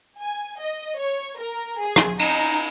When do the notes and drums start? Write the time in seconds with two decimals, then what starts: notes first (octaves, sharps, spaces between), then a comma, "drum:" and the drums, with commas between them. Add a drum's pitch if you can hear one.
0.19 G#5
0.60 D#5
0.99 C#5
1.39 A#4
1.80 G#4
1.96 drum: rim click
2.19 D#4, drum: cymbal